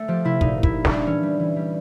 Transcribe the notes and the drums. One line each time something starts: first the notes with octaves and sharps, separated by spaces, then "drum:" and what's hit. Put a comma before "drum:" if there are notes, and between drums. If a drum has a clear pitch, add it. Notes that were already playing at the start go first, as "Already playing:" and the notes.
Already playing: A3
F3 G4
C3 E4
A#2 D#4, drum: kick
A#2
E4, drum: kick
A#2
D4, drum: snare
G3
E3 C#4
G3
E3
G3